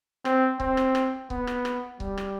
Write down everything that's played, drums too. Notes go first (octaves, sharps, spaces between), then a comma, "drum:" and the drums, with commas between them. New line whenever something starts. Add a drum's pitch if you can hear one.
C4, drum: rim click
C4, drum: kick C#1
drum: rim click
drum: rim click
B3, drum: kick C#1
drum: rim click
drum: rim click
G3, drum: kick C#1
drum: rim click